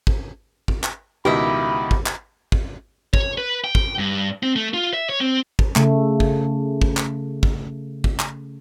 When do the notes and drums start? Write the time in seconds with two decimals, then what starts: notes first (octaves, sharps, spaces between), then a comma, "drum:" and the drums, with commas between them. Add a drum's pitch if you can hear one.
0.07 drum: kick
0.68 drum: kick
0.84 drum: clap
1.25 C#2 B2 D#3 E4 G4 D#5 E5 B5
1.91 drum: kick
2.06 drum: clap
2.52 drum: kick
3.14 C#5, drum: kick
3.38 B4
3.64 G5
3.75 drum: kick
3.99 G2
4.43 C4
4.56 A3
4.74 F4
4.94 E5
5.09 C#5
5.21 C4
5.59 drum: kick
5.76 C#3 A3, drum: clap
6.20 drum: kick
6.82 drum: kick
6.97 drum: clap
7.43 drum: kick
8.04 drum: kick
8.20 drum: clap